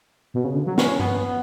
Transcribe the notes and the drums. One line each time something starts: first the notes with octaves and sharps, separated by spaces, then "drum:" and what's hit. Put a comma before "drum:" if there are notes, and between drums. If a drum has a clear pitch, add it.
B2
C#3
D3
F#3
C#4, drum: snare
B3, drum: tom G2